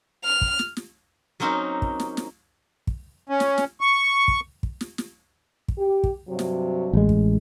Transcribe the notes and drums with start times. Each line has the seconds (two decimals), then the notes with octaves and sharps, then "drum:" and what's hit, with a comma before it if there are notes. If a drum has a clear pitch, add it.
0.24 F6
0.41 drum: kick
0.59 drum: snare
0.77 drum: snare
1.40 F#3 A#3 C4 C#4 D#4
1.82 drum: kick
2.00 drum: snare
2.17 drum: snare
2.87 drum: kick
3.29 C#4
3.40 drum: snare
3.58 drum: snare
3.81 C#6
4.28 drum: kick
4.63 drum: kick
4.81 drum: snare
4.98 drum: snare
5.68 drum: kick
5.78 G4
6.04 drum: kick
6.28 G2 C3 F#3
6.39 drum: snare
6.93 A1 G#3
7.09 drum: kick